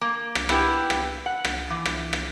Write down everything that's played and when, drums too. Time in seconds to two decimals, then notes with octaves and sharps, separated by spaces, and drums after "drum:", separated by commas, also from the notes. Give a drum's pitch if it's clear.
0.01 A#3
0.35 drum: rim click
0.49 B3 E4 G4 B4, drum: rim click
0.90 drum: rim click
1.26 F#5
1.45 drum: rim click
1.70 E3
1.85 drum: rim click
2.13 drum: rim click